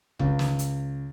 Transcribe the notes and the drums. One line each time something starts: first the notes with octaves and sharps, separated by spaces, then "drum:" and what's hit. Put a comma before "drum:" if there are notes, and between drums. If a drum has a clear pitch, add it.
C#2, drum: kick F1
drum: snare
drum: hi-hat